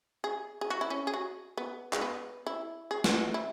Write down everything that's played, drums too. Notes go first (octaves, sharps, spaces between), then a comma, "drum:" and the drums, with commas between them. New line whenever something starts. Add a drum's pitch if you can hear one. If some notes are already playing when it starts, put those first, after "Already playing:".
G#4
G#4
F#4
E4
C#4
G#4
F#4
B3
G#3, drum: clap
B3
E4
G#4
drum: snare
E4